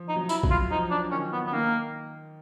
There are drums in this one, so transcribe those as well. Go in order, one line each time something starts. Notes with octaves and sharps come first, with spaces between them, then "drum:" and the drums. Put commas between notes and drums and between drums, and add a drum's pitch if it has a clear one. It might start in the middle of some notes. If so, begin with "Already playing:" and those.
Already playing: F3
D#4
F#3
E4, drum: tambourine
F#3, drum: kick A#1
F4
F3 D#4
D4
D#3 C#4
B3
B3
D#3 A#3